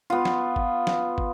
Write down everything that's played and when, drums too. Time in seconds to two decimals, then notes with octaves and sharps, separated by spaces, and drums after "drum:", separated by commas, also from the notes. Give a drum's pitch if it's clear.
0.10 B3 F4
0.25 drum: snare
0.56 drum: kick
0.87 drum: snare
1.18 drum: kick